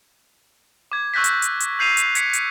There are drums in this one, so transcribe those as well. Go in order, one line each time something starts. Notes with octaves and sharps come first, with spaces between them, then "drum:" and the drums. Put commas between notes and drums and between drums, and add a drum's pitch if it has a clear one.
D6 G#6
C#6 E6 F#6 G6 A#6 B6
drum: hi-hat
drum: hi-hat
drum: hi-hat
E6 G6 C7 D#7 F7
drum: hi-hat
G#6 B6 C#7, drum: hi-hat
drum: hi-hat